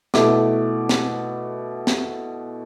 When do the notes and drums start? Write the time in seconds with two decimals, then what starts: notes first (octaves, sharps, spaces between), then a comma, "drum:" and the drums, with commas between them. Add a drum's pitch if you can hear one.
0.14 B2 A3 E4 D6, drum: snare
0.89 drum: snare
1.87 drum: snare